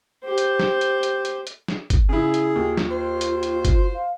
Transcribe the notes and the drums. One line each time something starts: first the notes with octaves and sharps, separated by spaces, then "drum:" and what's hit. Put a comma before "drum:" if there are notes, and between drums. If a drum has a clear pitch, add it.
G4 C5
drum: hi-hat
drum: snare
drum: hi-hat
drum: hi-hat
drum: hi-hat
drum: hi-hat
drum: snare
drum: kick, hi-hat
C#3 E4 G#4
drum: hi-hat
D#2 F4
drum: snare
C5
drum: hi-hat
drum: hi-hat
drum: kick, hi-hat
F5